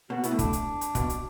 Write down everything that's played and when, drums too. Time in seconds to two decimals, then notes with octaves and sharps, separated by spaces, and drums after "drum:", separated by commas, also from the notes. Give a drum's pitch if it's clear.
0.10 B2 F#4
0.24 B2 E4, drum: hi-hat
0.31 A2
0.39 D4, drum: kick, hi-hat
0.53 drum: hi-hat
0.81 drum: hi-hat
0.95 B2, drum: kick, hi-hat
1.10 drum: hi-hat